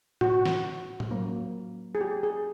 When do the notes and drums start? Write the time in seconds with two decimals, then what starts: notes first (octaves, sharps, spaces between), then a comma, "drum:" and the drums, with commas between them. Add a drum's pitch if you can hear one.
0.21 F#4, drum: tom A2
0.46 drum: snare
1.00 drum: tom A2
1.11 F#3 A#3 C#4
1.95 G#4
2.01 G4
2.23 G#4